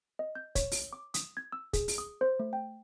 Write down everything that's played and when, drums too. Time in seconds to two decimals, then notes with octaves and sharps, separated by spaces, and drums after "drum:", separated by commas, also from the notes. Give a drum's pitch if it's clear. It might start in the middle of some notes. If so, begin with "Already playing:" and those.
0.19 D#5
0.35 G6
0.55 C#5, drum: kick, hi-hat
0.72 drum: open hi-hat
0.93 D6
1.14 D#6, drum: hi-hat
1.37 G#6
1.52 E6
1.73 G#4, drum: kick, hi-hat
1.88 drum: open hi-hat
1.98 D#6
2.21 C5
2.39 A3
2.53 G5